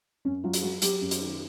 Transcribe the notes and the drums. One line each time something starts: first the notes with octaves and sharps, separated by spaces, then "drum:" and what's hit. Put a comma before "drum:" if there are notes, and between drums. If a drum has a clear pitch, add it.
F#2 C#4
F#3 F4
drum: hi-hat
F#3 F#4
F#3 G4, drum: hi-hat
F#2
drum: hi-hat
D#3